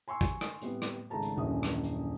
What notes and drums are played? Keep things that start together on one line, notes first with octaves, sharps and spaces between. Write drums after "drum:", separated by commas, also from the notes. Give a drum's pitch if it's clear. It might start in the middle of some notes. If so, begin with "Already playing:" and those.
G#5 C6 C#6 E6
drum: kick, hi-hat
drum: rim click
A2 G3 B3 C4, drum: hi-hat
drum: rim click
G#1 C#2 A3 A5 A#5
drum: hi-hat
D#1 A#1 F#2 E3 C#4 D#6
drum: rim click
drum: hi-hat